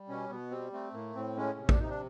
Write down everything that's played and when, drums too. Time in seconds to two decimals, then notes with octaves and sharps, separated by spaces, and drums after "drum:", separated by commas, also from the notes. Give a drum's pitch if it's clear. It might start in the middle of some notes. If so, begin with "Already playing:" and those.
Already playing: G3
0.09 B2 C#4
0.30 B2 B3
0.51 G3 C4
0.73 A3 C4
0.93 A2 A#3
1.15 A2 C4
1.37 G#3 C#4
1.58 C3
1.69 D4, drum: kick A1
1.79 C3 D#4
1.89 D4